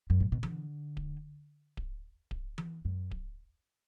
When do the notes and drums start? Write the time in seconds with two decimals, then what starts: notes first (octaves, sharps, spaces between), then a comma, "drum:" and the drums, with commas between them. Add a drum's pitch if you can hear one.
0.10 F#2
0.20 A2
0.32 B2
0.43 D3, drum: tom E3
0.97 drum: kick D1
1.77 drum: kick D1
2.31 drum: kick D1
2.58 drum: tom E3
2.85 F#2
3.11 drum: kick D1